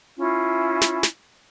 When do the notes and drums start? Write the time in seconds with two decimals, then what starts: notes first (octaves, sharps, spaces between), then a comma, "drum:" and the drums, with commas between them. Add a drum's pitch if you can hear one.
0.17 C#4 E4 F4
0.82 drum: snare
1.03 drum: snare